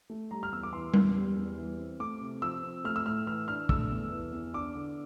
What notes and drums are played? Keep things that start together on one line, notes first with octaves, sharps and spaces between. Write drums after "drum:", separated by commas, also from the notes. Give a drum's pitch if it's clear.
A3
G3 A#5
F6
E2 E6
D6
E3 C6
E2, drum: tom G3
G3
E2
E3
C4
A3 D6
C3
F3 E6
C4
A3 F6
E6
A2 F6
E3 F6
D4 F6
A3 E6, drum: kick
E2
E3
E2
D4 D6
D3